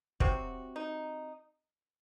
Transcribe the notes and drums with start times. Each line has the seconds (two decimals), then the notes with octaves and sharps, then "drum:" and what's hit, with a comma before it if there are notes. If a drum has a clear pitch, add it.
0.20 C3 F#3 C4 F#4, drum: kick
0.76 D#4